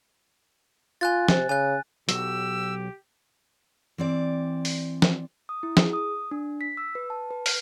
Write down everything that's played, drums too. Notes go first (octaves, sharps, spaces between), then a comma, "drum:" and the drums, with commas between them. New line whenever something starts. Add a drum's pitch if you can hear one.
F4 G#5 F#6 A6
C3, drum: snare F3
C#3 G#5 F#6
B1 F#3 G4 E6, drum: hi-hat
E3 C4 D5
drum: open hi-hat
drum: snare F3
D#6
E4
G#4, drum: snare F3
D#6
D4
B6
E6
B4
A5
B4
F6, drum: open hi-hat